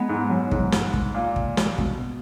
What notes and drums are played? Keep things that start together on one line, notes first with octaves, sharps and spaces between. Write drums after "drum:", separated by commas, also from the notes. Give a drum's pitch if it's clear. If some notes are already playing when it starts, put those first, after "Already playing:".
Already playing: G#3 B3 D#4
G#2
F#2
G#2, drum: kick
drum: snare
drum: kick
A#2
drum: kick
drum: snare
B2, drum: kick